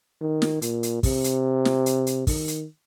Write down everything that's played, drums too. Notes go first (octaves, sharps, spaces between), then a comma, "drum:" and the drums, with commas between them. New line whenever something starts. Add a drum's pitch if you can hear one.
D#3
drum: snare
A#2, drum: hi-hat
drum: hi-hat
C3, drum: kick, open hi-hat
drum: hi-hat
drum: snare
drum: hi-hat
drum: hi-hat
D#3, drum: kick, open hi-hat
drum: hi-hat